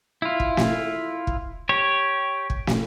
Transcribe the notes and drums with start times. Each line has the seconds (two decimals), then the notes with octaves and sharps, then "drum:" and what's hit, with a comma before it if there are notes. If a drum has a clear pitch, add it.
0.22 E4 F4
0.40 drum: kick
0.57 drum: snare
1.27 drum: kick
1.69 G4 C#5
2.50 drum: kick
2.67 drum: snare